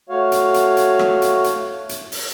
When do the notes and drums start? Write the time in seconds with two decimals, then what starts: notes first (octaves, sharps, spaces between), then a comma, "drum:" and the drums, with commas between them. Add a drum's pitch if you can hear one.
0.09 A3 F#4 C#5 F5
0.32 drum: hi-hat
0.54 drum: hi-hat
0.77 drum: hi-hat
0.99 drum: rim click
1.22 drum: hi-hat
1.44 drum: hi-hat
1.89 drum: hi-hat
2.12 drum: open hi-hat